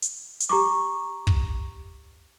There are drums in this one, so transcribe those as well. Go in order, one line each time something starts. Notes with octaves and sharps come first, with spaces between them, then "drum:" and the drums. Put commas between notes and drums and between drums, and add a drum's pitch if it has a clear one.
drum: hi-hat
drum: hi-hat
G4 A#5 C#6 D6
drum: kick